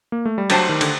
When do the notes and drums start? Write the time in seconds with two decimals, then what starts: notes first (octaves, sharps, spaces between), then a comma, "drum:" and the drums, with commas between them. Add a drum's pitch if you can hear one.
0.12 A#3
0.25 A3
0.38 G3
0.50 F#3 A3 D4 G4 C5, drum: cymbal
0.69 D#3
0.81 D3, drum: cymbal